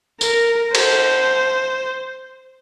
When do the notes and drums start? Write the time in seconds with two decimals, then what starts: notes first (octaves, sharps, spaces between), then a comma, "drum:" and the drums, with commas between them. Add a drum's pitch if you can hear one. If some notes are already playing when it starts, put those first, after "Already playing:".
0.21 A#4, drum: tambourine
0.75 C5, drum: cymbal